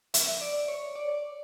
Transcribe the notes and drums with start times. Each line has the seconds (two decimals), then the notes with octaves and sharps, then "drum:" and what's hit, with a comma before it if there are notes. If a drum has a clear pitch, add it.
0.14 E5, drum: hi-hat
0.41 D5
0.68 C#5
0.95 D5